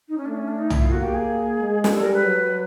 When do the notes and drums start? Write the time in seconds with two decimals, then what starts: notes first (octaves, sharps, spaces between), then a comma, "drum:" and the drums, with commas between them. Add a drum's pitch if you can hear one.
0.09 D#4
0.18 C#4
0.25 A3 D4
0.37 C#4
0.48 D4
0.59 D#4
0.70 E4, drum: tom
0.82 F4
0.92 A#3 F#4
1.03 G4
1.14 G#4
1.59 G#3
1.84 G#4, drum: snare
1.92 G3 A4
2.03 A#4
2.14 B4
2.26 F#3